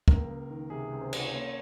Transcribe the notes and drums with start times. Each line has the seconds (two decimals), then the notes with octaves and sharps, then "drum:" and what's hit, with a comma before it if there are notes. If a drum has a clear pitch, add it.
0.08 C#2 A#3 A#4, drum: kick
0.29 C#2
0.50 D#3
0.70 C3 G#4
0.92 C#2
1.01 C4 C5
1.13 D#3, drum: cymbal
1.33 A#3 C#4 C#5